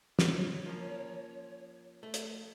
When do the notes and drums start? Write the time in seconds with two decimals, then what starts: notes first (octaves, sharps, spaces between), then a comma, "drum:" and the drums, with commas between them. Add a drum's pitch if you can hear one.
0.19 drum: snare
0.29 C#5
0.65 F3 A#3 C#4
2.03 A3
2.14 drum: hi-hat